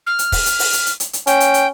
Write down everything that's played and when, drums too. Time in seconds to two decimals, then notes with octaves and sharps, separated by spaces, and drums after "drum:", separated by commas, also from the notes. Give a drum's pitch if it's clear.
0.06 F6
0.19 drum: hi-hat
0.32 drum: kick, open hi-hat
0.46 drum: hi-hat
0.59 drum: open hi-hat
0.73 drum: hi-hat
0.86 drum: hi-hat
1.00 drum: hi-hat
1.13 drum: hi-hat
1.27 C#4 G5, drum: hi-hat
1.40 drum: hi-hat
1.54 drum: hi-hat